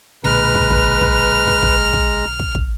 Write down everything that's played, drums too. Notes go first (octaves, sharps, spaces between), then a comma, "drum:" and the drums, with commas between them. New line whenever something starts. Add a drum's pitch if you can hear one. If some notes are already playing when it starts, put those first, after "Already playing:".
B1 A#2 D3 G#3 B4 A#5 F6
drum: kick
drum: kick
drum: kick
drum: kick
drum: kick
drum: kick
drum: kick
drum: kick